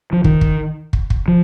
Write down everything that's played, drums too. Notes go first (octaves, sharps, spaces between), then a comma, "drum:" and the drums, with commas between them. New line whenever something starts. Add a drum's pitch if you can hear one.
F3
D#3, drum: kick
drum: kick
drum: kick
drum: kick
F3